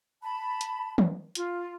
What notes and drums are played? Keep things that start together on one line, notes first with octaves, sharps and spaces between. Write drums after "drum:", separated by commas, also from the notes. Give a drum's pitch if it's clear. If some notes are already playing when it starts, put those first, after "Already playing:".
A5 B5
drum: hi-hat
drum: tom
F4, drum: hi-hat